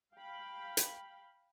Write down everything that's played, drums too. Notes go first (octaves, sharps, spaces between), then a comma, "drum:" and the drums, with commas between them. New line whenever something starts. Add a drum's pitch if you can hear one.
F5 G5 B5
drum: hi-hat